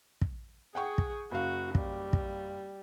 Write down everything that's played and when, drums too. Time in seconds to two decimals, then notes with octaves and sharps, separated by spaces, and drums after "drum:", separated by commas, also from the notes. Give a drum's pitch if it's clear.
0.21 drum: kick
0.75 G#4 F#5 G5 C#6
0.98 drum: kick
1.31 F#1 F#4 F5
1.75 G3, drum: kick
2.13 drum: kick